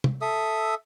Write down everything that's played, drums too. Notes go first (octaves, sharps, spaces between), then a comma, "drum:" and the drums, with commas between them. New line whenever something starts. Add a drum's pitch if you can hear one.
drum: tom
A4 E5 D#6